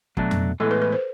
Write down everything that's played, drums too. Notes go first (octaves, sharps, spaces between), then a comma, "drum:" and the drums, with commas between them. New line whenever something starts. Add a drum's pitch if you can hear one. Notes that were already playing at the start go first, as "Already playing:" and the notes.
B2 F#3 A3 D4 F#4, drum: kick
drum: tom F2
A2 E3 G#3 B3 A4
B4
B4
C5